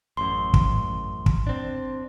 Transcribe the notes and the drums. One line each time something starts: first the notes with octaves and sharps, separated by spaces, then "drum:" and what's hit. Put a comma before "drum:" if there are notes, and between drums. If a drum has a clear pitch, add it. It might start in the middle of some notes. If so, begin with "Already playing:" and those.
A1 F#2 C6
drum: kick
drum: kick
C4 D4